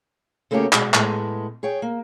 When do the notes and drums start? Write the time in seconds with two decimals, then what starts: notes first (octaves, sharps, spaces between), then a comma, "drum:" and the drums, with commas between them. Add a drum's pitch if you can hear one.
0.51 C#3 A3 A#3 C#4 F#4 G4
0.73 B2 G#3 F#4, drum: clap
0.94 A2 G#3 B3, drum: clap
1.63 G#4 C#5 G5
1.82 A#3